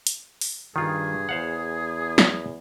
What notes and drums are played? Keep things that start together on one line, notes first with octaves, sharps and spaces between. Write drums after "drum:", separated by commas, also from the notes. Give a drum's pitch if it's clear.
drum: hi-hat
drum: open hi-hat
G2 D#3 F4 G#4
E2 C5 F5 F#5
drum: snare